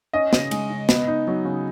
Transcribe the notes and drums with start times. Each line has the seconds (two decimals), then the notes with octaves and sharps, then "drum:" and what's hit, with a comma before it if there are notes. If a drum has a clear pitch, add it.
0.13 C#4 D#5
0.33 C#3, drum: snare
0.51 G#3, drum: cymbal
0.70 C#3
0.89 B3, drum: snare
1.08 D#4
1.27 F#3
1.45 C#3